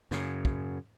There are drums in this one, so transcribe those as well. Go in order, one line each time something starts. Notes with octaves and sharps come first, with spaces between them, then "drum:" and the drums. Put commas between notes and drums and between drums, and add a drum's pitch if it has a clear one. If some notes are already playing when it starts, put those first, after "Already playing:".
F#2 C#3, drum: snare
drum: kick